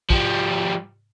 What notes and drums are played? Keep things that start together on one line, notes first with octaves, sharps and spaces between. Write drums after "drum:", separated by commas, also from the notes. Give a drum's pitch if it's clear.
F3 G3, drum: kick